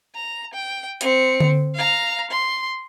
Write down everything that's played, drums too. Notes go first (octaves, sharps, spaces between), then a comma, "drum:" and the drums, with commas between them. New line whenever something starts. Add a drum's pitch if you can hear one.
A#5
G5
C4 C#7, drum: hi-hat
drum: tom D3
F5 A#5
C6